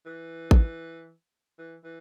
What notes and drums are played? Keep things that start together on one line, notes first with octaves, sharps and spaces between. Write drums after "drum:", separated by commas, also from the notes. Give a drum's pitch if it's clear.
E3
drum: kick A1
E3
E3